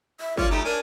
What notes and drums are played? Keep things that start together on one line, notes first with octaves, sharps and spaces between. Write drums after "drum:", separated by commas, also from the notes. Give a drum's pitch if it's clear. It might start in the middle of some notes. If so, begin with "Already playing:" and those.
E5
C#4 F4 C#5 D5, drum: kick
A3 D#4 E4 G4
D4 A#4 C#5 G#5